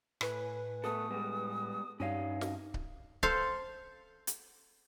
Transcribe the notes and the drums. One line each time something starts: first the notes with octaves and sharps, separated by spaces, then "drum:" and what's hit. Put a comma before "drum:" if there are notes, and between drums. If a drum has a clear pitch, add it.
A2 B4 G#5, drum: rim click
A3 B3 A4 D#6
G3 G#3 B3
G2 C#4 D#4 C#5 F5
drum: snare
drum: kick C#1
A4 C5 F5, drum: kick C#1
drum: hi-hat